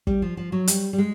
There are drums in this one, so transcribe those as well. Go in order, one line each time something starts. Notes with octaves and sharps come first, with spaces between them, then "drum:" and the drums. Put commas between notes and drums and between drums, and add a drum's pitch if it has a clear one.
G3, drum: kick
F3
F3
F#3
G3, drum: hi-hat
G3
G#3